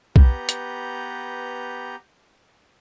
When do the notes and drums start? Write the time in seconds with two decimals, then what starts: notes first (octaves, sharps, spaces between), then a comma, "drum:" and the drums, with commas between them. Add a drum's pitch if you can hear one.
0.16 B3 G4 B4 A#5 G6, drum: kick B1
0.49 drum: hi-hat